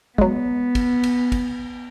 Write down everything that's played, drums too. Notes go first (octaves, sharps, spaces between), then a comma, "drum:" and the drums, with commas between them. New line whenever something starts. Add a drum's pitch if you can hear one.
F#3 G#3 B3, drum: kick
drum: kick, cymbal
drum: cymbal
drum: kick, cymbal